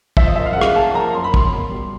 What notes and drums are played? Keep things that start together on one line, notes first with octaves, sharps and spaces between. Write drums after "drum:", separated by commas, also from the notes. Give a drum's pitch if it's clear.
F3 E5, drum: kick
D#5
F#2 E5
F5
F#5
C#3
F5, drum: rim click
A#3 A5
F3 A#5
F#2 C6
B5
A#3 C6, drum: kick
B2
G3